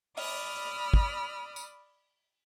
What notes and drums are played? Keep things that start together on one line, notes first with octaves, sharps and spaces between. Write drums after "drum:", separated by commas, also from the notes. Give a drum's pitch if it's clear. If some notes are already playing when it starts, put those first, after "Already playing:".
D5 B5 D#6 F6, drum: open hi-hat
drum: kick
drum: tambourine